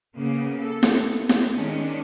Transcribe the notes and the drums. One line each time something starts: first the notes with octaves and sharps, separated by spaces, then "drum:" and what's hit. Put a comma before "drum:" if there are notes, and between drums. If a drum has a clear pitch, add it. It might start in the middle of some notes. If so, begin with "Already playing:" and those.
C#3 A#3 B3
A4
drum: snare
B3
drum: snare
D#3 G#3 C#4 D4